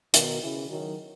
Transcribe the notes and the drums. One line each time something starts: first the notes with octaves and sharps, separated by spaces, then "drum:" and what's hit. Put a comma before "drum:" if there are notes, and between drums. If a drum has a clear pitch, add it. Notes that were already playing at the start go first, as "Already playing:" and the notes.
B2 D#3, drum: hi-hat
C#3 E3
D#3 F#3